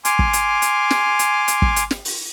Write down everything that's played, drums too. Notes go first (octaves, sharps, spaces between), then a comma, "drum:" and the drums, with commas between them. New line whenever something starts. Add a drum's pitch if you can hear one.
G#5 C6 D6 F6, drum: hi-hat
drum: kick
drum: hi-hat
drum: hi-hat
drum: snare
drum: hi-hat
drum: hi-hat
drum: kick
drum: hi-hat
drum: snare
drum: open hi-hat